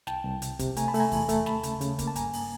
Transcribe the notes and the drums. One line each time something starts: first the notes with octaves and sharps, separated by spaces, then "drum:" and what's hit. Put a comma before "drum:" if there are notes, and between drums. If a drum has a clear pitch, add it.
C2 G5 A5, drum: snare
C2
C3, drum: hi-hat
C3, drum: kick, hi-hat
A3 G#5 A#5, drum: hi-hat
A5 B5
A3, drum: open hi-hat
G#5 A#5
E2, drum: kick, open hi-hat
A3, drum: hi-hat
D#2 A5 B5, drum: snare
C#3, drum: hi-hat
C#3, drum: hi-hat
A#3, drum: kick, hi-hat
A5
G2 G#5 A#5, drum: hi-hat
drum: open hi-hat